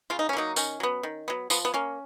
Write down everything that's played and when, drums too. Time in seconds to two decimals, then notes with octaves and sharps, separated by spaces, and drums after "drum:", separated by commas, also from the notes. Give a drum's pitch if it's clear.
0.10 C#3 F4
0.19 D#4
0.29 C#4
0.33 F#3 A#3 D#4
0.56 D#3 C#4, drum: tambourine
0.80 F#3 B3
1.03 D#3
1.28 F#3 B3
1.50 F3 B3, drum: tambourine
1.65 B3
1.74 A#3 C#4